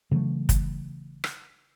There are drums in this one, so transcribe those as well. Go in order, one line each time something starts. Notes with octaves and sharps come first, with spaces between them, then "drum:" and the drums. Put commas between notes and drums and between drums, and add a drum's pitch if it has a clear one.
C#3 E3 F#3 A3
drum: kick, hi-hat
drum: rim click